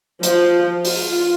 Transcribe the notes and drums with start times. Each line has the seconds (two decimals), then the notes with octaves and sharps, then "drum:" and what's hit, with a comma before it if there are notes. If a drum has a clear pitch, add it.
0.23 F3, drum: hi-hat
0.85 F4, drum: open hi-hat